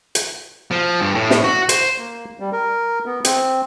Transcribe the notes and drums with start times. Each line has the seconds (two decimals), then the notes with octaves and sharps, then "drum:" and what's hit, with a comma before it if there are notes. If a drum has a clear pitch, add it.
0.15 drum: hi-hat
0.71 F3
1.01 G2
1.15 A2
1.30 drum: snare
1.44 F#4
1.69 C5, drum: hi-hat
1.98 A#3
2.40 G3
2.53 A#4
3.06 B3
3.25 C4, drum: hi-hat